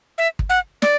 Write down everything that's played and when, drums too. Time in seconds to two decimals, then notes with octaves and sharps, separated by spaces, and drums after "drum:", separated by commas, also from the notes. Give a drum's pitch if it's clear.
0.18 E5
0.39 drum: kick
0.50 F#5
0.82 D5, drum: snare